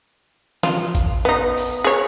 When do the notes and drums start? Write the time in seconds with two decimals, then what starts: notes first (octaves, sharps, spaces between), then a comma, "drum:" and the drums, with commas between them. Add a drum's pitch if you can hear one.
0.63 F4, drum: snare
0.95 drum: kick A1, hi-hat
1.25 B3 D#4
1.58 drum: open hi-hat
1.84 G#4 C#5